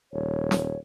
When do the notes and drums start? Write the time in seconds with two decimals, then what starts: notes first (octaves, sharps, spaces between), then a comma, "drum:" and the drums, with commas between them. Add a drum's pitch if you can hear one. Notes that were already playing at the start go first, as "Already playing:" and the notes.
0.12 D#1 C#5
0.51 drum: snare